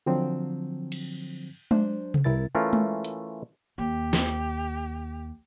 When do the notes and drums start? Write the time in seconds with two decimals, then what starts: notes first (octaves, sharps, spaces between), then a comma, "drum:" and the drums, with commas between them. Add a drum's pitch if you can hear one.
0.06 D3 F3 F#3 C4
0.92 drum: cymbal
1.71 F#3 D4 C5, drum: tom G#3
2.14 drum: tom C3
2.24 C2 E4 A#4 A6
2.55 E3 A3 C#4 F4 A#4
2.73 drum: tom G#3
3.05 drum: hi-hat
3.78 D#2 G4
4.13 drum: snare